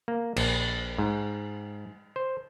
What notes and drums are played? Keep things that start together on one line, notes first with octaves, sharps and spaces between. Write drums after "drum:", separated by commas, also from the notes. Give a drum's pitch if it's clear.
A#3
A#1, drum: cymbal
G#2
C5